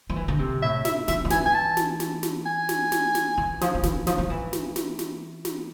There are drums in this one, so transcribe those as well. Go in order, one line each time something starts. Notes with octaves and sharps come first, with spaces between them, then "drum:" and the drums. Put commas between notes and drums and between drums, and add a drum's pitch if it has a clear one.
F3
E3
D3
C3
A2 E5
E5, drum: snare
F3 E5, drum: snare
F3
E3 G#5, drum: snare
G#5
A5
drum: snare
drum: snare
drum: snare
G#5
drum: snare
drum: snare
drum: snare
E3
F3, drum: snare
F3
E3, drum: snare
F3, drum: snare
F3
E3
drum: snare
drum: snare
drum: snare
drum: snare